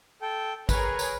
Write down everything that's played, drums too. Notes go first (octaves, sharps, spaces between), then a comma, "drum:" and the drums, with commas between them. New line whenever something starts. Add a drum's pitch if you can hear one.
A4 G5
G#4 A#4 B4 C#5, drum: kick, tambourine
drum: tambourine